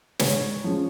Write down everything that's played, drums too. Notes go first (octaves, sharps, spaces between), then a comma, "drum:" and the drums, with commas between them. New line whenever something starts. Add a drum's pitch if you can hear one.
G#2 C#5, drum: snare
F3 G#3 C#4